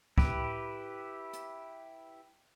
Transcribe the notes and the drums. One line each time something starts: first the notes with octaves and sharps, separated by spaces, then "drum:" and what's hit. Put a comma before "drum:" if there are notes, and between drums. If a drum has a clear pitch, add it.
E4 G4 B4, drum: kick
drum: hi-hat